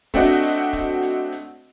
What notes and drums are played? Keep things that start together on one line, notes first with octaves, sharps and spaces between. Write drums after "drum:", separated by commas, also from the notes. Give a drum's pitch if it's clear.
A3 C4 D4 F#4 D#5 F#5, drum: kick, hi-hat
drum: hi-hat
drum: kick, hi-hat
drum: hi-hat
drum: hi-hat